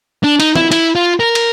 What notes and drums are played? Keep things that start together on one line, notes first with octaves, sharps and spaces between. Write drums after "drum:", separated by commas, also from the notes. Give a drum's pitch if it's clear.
D4
D#4, drum: cymbal
E4, drum: tom
E4, drum: cymbal
F4
A#4
drum: cymbal